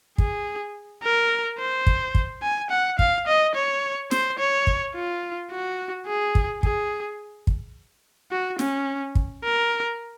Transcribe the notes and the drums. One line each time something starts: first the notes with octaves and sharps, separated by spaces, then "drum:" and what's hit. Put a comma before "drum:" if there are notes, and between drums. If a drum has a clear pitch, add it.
G#4, drum: kick
A#4
C5
drum: kick
drum: kick
G#5
F#5
F5, drum: kick
D#5
C#5
C5, drum: snare
C#5
drum: kick
F4
F#4
G#4
drum: kick
G#4, drum: kick
drum: kick
F#4
C#4, drum: snare
drum: kick
A#4